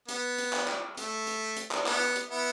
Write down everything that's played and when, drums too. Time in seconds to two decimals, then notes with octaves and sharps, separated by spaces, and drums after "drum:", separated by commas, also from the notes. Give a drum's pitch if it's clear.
0.08 B3, drum: hi-hat
0.38 drum: hi-hat
0.53 drum: clap
0.68 drum: clap
0.97 A3, drum: hi-hat
1.27 drum: hi-hat
1.56 drum: hi-hat
1.71 drum: clap
1.86 B3, drum: clap
2.15 drum: hi-hat
2.30 B3 E4